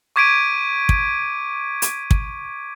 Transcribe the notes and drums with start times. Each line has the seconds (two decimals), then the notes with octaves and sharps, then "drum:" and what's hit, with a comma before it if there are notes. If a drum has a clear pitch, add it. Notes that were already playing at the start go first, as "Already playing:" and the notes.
0.16 C#6 D6 G#6 B6 D7 D#7
0.89 drum: kick
1.82 drum: hi-hat
2.11 drum: kick